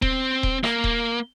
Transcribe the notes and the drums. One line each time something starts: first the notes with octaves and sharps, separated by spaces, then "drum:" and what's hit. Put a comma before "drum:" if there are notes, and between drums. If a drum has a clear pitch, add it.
C4, drum: kick D#1
drum: kick D#1
A#3, drum: rim click
drum: kick D#1